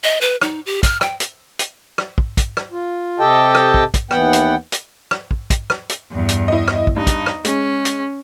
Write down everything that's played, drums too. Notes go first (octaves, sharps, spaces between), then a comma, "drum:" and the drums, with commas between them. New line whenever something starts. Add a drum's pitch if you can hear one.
D#5
B4
D#4, drum: rim click
G4
F6, drum: kick, hi-hat
G5, drum: rim click
drum: hi-hat
drum: hi-hat
drum: rim click
drum: kick
drum: kick, hi-hat
drum: rim click
F4
C3 G4 A4 D#5 G5 A5
drum: rim click
drum: kick
drum: kick, hi-hat
D#2 E3 B3 F#5 G5, drum: rim click
drum: hi-hat
drum: hi-hat
drum: rim click
drum: kick
drum: kick, hi-hat
drum: rim click
drum: hi-hat
E2 G2
drum: hi-hat
E4 D#5
drum: rim click
drum: kick
G2 D#4
drum: kick, hi-hat
drum: rim click
G#3 C#4, drum: hi-hat
drum: hi-hat